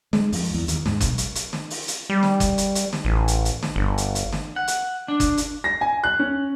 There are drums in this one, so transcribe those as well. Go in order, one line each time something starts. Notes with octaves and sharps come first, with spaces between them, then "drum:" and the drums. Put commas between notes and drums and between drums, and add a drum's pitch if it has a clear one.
G#3, drum: snare
F2, drum: open hi-hat
E2
D#2, drum: hi-hat
G#2, drum: snare
B1, drum: kick F#1, hi-hat
drum: hi-hat
drum: hi-hat
drum: snare
drum: open hi-hat
drum: hi-hat
G3
drum: snare
drum: kick F#1, hi-hat
drum: hi-hat
drum: hi-hat
drum: snare
A1
drum: hi-hat
drum: hi-hat
drum: snare
G1
drum: hi-hat
drum: hi-hat
drum: snare
F#5
drum: hi-hat
D4
drum: kick F#1, hi-hat
drum: hi-hat
A#6
G#5
F#6
C#4